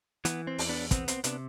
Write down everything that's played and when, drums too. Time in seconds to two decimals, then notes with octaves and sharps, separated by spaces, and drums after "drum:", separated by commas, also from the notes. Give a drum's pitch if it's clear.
0.25 E3 B3, drum: hi-hat
0.47 C4
0.59 E2, drum: open hi-hat
0.69 B3 D4
0.91 B3 C4, drum: kick, hi-hat
1.08 C4, drum: hi-hat
1.24 C3 B3 D4, drum: hi-hat